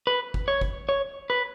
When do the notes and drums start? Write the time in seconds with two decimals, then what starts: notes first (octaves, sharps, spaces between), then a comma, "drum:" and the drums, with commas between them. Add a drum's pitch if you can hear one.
0.07 B4
0.34 drum: kick
0.48 C#5
0.61 drum: kick
0.89 C#5
1.30 B4